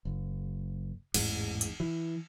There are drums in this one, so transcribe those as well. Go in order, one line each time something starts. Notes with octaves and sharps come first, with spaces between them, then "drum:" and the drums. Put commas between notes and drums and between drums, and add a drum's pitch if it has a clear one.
F#1
A1 E2 G#2, drum: cymbal
drum: hi-hat
E3